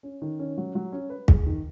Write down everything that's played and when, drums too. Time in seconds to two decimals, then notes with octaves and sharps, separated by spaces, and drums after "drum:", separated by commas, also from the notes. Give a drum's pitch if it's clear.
0.03 C#4
0.22 D#3
0.39 C#4
0.58 F#3
0.75 F#3
0.92 C#4
1.10 B4
1.28 G#4, drum: kick
1.46 D#3